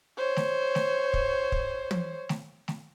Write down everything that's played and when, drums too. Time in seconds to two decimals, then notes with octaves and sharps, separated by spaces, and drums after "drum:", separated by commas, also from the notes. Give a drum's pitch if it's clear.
0.17 C5 C#5
0.36 drum: snare A3
0.75 drum: snare A3
1.14 drum: kick
1.52 drum: kick
1.91 drum: tom
2.29 drum: snare A3
2.68 drum: snare A3